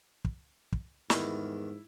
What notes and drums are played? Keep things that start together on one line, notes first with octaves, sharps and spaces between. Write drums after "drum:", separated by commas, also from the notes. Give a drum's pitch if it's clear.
drum: kick
drum: kick
E2 G#2 D#3 G3 E4, drum: snare